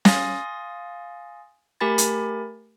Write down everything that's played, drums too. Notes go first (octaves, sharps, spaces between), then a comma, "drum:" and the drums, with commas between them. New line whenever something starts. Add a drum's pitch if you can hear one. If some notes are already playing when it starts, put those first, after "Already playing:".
F5 G#5 C6 D#6 A6 A#6, drum: snare
A3 G4 A#4 G#5 B5 A6
drum: hi-hat